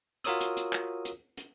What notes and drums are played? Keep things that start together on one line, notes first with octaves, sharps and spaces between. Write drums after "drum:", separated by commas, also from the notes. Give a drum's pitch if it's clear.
F4 F#4 A#4 C#5 D#6 E6, drum: hi-hat
drum: hi-hat
drum: hi-hat
drum: clap
drum: hi-hat
drum: hi-hat